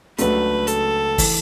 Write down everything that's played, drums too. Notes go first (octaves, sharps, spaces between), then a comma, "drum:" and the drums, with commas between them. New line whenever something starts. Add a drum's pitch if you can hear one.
C#2 C#3 F#3 A3 D4 B4, drum: hi-hat
A4, drum: hi-hat
E3, drum: kick, open hi-hat